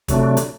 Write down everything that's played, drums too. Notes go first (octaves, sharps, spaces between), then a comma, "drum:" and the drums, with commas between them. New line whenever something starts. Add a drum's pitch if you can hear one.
C3 F#3 A3 D4, drum: kick, hi-hat
drum: hi-hat